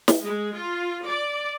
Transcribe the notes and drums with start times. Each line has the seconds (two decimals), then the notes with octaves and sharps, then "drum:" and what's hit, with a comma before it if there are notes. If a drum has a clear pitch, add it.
0.08 drum: snare
0.23 G#3
0.56 F4
1.06 D5